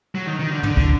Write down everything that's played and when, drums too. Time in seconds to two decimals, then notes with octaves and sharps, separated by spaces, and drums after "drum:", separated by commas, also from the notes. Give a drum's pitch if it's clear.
0.15 F#3
0.27 D#3
0.39 D#3
0.52 D3
0.63 D3, drum: tom
0.77 drum: kick